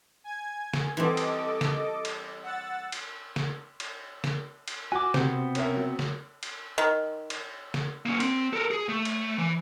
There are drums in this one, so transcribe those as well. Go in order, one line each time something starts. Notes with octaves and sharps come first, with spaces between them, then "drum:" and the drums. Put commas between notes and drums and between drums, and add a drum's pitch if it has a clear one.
G#5 G#6
drum: snare
E3 G3 C4 A4 D#5 D6
drum: cymbal
drum: snare
drum: cymbal
F#5 E6 A6
drum: cymbal
drum: snare
drum: cymbal
drum: snare
drum: cymbal
F#4 G#5 D6
C3 B3 C4 C5, drum: snare
C#4 A#4 E5, drum: cymbal
F#3
drum: snare
drum: cymbal
D#3
drum: cymbal
drum: snare
A#3 C#4
C4, drum: cymbal
A4 A#4
G#4
A3
drum: cymbal
E3